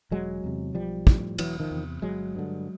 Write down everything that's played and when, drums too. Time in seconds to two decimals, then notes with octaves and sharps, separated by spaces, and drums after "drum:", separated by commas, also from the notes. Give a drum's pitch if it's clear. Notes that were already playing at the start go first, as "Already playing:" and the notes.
0.11 E1 F#3 G#3
0.44 E2 C3
0.75 B1 F3 G3
1.07 A2, drum: kick
1.38 E1 E3 F#3, drum: cymbal
1.60 D#3 F3
1.71 E2 C3
2.02 G1 F#3 G#3
2.35 G2 D3